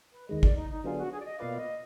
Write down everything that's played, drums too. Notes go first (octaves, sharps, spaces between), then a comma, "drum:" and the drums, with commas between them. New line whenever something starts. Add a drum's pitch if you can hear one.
B4
D#2 D#3 G#3 D#5
D5, drum: kick
D#4
D#4
D3 F#3 B3 D4 F4 G#4
F#4
G#4
D5
D#5
B2 A#3 F4 B4 D5 F5
D#5